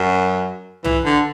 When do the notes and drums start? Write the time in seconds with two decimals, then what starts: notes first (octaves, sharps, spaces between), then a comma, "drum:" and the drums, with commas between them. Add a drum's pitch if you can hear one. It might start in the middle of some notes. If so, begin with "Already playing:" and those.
Already playing: F#2
0.84 E3, drum: tom
1.05 D3